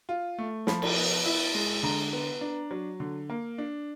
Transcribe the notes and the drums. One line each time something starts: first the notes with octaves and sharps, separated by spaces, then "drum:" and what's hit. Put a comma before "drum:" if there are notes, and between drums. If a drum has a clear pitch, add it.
F4
A3
F3 B5, drum: snare
drum: cymbal
B3
E4
G#3
D3 A#5
B3
D4
F#3
D3
A#3
D4